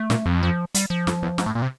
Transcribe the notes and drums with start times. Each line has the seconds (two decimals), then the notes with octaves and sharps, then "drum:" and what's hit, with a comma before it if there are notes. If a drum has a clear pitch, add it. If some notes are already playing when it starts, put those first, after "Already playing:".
Already playing: A3
0.10 A#2, drum: snare
0.26 F2
0.43 F3
0.75 G3, drum: hi-hat
0.90 F3
1.07 F2, drum: snare
1.23 E2
1.38 G#2, drum: snare
1.46 A2
1.55 A#2
1.62 C3